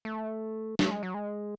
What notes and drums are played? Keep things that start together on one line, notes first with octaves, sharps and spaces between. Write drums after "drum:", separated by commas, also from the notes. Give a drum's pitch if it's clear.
A3
A3, drum: snare
G#3
F#3
G#3